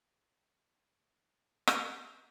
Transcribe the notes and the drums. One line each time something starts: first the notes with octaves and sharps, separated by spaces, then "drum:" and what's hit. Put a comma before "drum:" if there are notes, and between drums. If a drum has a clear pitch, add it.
F#3 A4
drum: rim click